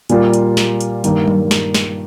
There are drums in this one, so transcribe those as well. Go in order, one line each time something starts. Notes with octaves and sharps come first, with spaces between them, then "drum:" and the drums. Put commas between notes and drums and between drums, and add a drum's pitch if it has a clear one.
A#2 G3 A#3 F4, drum: hi-hat
drum: hi-hat
drum: snare
drum: hi-hat
G2 D#3 A#3, drum: hi-hat
drum: tom F#3
drum: snare
drum: snare